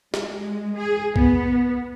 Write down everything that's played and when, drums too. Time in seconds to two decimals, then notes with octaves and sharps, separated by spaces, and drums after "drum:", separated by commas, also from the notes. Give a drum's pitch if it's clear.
0.14 G#3, drum: snare
0.76 G#4
1.16 B3, drum: kick A#1